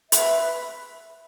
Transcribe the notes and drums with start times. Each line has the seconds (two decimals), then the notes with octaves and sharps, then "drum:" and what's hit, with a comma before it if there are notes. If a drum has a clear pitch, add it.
0.12 B4 E5 B5, drum: hi-hat